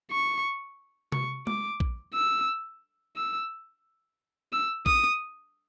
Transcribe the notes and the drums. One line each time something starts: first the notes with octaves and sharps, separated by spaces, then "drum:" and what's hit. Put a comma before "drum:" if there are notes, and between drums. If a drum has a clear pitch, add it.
C#6
C#6, drum: tom C3
D6, drum: tom G#3
drum: kick A#1
E6
E6
E6
D#6, drum: kick A#1